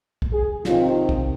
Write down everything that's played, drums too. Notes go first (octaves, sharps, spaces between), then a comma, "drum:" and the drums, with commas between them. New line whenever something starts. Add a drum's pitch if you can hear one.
drum: kick B1
G#4
C3 D#3 C4 F4, drum: snare
drum: kick B1